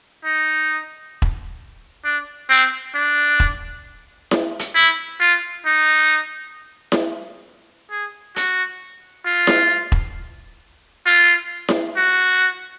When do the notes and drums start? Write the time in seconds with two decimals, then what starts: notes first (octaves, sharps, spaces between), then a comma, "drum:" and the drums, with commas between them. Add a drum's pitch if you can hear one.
0.25 D#4
1.22 drum: kick E1
2.05 D4
2.50 C4
2.95 D4
3.40 drum: kick E1
4.31 drum: snare E4
4.59 drum: hi-hat
4.75 E4
5.20 F4
5.66 D#4
6.92 drum: snare E4
7.91 G#4
8.36 F#4, drum: hi-hat
9.26 F4
9.47 drum: snare E4
9.92 drum: kick E1
11.07 F4
11.69 drum: snare E4
11.96 F#4